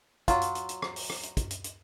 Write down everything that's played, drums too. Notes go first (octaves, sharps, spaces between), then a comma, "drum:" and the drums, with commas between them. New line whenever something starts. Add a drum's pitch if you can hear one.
F#3 F4, drum: kick, hi-hat
drum: hi-hat
drum: hi-hat
drum: hi-hat
drum: rim click
drum: open hi-hat
drum: rim click
drum: hi-hat
drum: kick, hi-hat
drum: hi-hat
drum: hi-hat